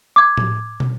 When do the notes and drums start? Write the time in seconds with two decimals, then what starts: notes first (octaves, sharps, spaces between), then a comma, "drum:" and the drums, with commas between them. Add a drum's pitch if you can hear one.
0.16 D6 G#6
0.37 drum: tom A2
0.80 drum: tom